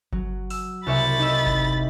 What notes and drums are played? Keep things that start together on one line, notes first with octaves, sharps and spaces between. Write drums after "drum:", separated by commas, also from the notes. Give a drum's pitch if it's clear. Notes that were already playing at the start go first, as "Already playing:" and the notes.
F#3, drum: kick G1
E6, drum: open hi-hat
C2 C#5 E5 B5 A6
D#4 D#5 E6
drum: kick G1